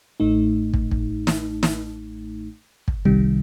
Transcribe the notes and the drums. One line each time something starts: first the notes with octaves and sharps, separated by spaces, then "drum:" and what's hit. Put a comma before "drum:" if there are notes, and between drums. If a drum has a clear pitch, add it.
A1 A2 A3 D#4
drum: kick
drum: kick
drum: snare
drum: snare
drum: kick
C2 C3 D#3 G3, drum: kick